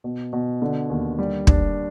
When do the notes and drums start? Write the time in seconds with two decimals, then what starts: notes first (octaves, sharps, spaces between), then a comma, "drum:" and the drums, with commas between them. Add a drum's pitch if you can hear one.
0.04 B2
0.33 B2
0.62 D3
0.90 D#2
1.19 G3
1.47 D4, drum: kick